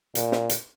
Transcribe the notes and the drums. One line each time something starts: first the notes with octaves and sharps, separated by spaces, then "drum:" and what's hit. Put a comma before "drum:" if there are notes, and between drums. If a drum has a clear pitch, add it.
A#2, drum: hi-hat
drum: snare
drum: hi-hat